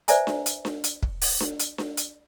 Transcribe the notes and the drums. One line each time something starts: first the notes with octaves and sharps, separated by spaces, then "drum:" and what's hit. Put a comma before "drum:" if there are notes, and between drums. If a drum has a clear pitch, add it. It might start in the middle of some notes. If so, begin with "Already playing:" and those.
B4 C5 D5 E5 G#5 A#5, drum: hi-hat
drum: snare D4
drum: hi-hat
drum: snare D4
drum: hi-hat
drum: kick
drum: open hi-hat
drum: snare D4
drum: hi-hat
drum: snare D4
drum: hi-hat